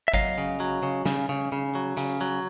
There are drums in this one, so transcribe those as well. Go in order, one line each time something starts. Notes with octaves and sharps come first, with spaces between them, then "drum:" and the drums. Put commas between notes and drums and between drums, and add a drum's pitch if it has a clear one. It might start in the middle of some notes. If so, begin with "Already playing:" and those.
E5
F#3 D#5 F5, drum: kick G#1, hi-hat
C#3
F#3
C#3
C#3, drum: snare
C#3
C#3
F#3
C#3, drum: hi-hat
F#3